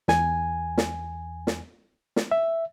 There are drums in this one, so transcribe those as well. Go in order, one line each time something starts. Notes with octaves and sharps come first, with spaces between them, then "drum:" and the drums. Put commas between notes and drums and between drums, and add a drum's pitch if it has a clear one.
E2 G#5, drum: snare
drum: snare
drum: snare
drum: snare
E5